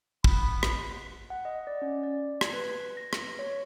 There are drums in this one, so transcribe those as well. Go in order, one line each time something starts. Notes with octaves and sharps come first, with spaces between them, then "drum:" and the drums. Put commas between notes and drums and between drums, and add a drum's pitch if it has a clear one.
B3 B5, drum: kick
drum: rim click
F#5
D#5
D5
C#4
D5
G#6, drum: rim click
B4
A#6
drum: rim click
C#5